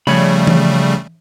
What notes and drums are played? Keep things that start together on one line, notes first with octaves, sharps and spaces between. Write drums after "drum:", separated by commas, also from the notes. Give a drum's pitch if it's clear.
C#3 F3 G3 A3 C#5 B5
drum: tom E3